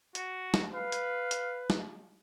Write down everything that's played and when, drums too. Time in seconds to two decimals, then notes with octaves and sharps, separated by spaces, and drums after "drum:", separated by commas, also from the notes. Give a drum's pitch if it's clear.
0.15 F#4, drum: hi-hat
0.54 drum: snare
0.73 B4 F5
0.92 drum: hi-hat
1.31 drum: hi-hat
1.70 drum: snare